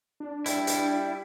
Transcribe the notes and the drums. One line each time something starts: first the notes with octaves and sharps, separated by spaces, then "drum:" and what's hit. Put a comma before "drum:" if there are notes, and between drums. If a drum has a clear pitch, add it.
D4
G3 E4, drum: hi-hat
drum: hi-hat